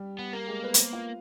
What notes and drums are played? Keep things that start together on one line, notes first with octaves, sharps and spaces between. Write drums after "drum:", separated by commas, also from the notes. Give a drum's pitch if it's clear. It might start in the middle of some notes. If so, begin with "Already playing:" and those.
Already playing: G3 G4
B3
A#3
G#3 G#4
B3 B4
C5, drum: hi-hat
B3 B4
F4 F5